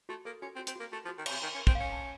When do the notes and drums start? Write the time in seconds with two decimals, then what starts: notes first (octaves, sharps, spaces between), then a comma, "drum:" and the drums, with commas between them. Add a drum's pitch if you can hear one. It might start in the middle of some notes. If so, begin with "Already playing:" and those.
0.09 A3 F#4
0.25 A#3 A4
0.42 C#4 F#4
0.55 C4
0.59 F#4
0.67 C4, drum: hi-hat
0.76 A#3 F#4
0.92 A3 F#4
1.05 F3
1.09 F#4
1.18 D#3
1.26 C3 C#5, drum: cymbal
1.42 D#3 A#4
1.55 C#4
1.59 A#4
1.67 C4, drum: kick
1.75 C#4 F5
1.92 A5